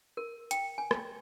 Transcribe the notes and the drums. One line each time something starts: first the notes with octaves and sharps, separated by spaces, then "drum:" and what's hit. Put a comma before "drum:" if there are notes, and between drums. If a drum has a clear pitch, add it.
A#4
G5, drum: hi-hat
G#5
drum: rim click